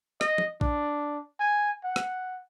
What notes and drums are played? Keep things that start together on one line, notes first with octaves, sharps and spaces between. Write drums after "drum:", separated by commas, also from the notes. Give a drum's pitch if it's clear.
D#5, drum: rim click
drum: tom
D4, drum: kick
G#5
F#5
drum: rim click